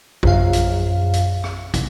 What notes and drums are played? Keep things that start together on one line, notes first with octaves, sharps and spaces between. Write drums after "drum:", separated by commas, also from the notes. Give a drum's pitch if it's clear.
A#1 F#2 F5, drum: kick
drum: hi-hat
drum: hi-hat
drum: rim click
drum: kick, hi-hat